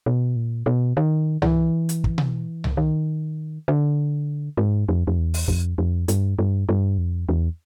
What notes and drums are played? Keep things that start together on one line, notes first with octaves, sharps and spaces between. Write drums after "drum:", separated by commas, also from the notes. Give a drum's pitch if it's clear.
B2
A#2
B2
D#3
E3, drum: tom C2
drum: hi-hat
drum: kick
drum: tom B2
drum: tom C2
D#3
D3
G#2
F2
F2
E2
drum: open hi-hat
F2, drum: kick
F2
G2, drum: hi-hat
G2
G2
F2
E2